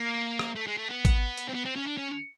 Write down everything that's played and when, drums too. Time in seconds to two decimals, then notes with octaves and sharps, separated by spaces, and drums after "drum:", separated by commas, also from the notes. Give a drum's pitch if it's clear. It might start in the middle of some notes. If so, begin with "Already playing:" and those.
Already playing: A#3
0.39 drum: rim click
0.55 A3
0.67 G#3
0.78 A3
0.89 B3
1.05 drum: kick, hi-hat
1.37 drum: hi-hat
1.48 C4
1.54 B3
1.65 C4
1.76 C#4
1.87 D4
1.97 C#4